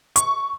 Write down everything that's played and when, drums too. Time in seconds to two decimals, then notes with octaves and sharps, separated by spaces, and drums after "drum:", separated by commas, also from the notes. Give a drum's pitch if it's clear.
0.16 C#6, drum: hi-hat